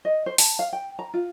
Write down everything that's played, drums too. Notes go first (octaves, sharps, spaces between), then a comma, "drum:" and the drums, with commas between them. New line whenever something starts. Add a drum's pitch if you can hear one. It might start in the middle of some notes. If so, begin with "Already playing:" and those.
D#5
C5
A5, drum: open hi-hat
F5
G5
A#5
F4